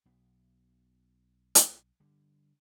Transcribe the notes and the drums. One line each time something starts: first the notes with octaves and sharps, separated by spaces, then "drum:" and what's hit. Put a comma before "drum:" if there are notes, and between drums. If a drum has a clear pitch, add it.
B1 B3
drum: hi-hat
D3 G3